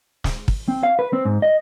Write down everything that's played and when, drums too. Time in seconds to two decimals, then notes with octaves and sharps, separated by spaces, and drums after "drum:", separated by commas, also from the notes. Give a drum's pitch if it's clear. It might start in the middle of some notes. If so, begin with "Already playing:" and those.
0.24 drum: snare
0.48 drum: kick
0.68 C4
0.83 F5
0.99 B4
1.13 C4
1.25 G#2
1.42 D#5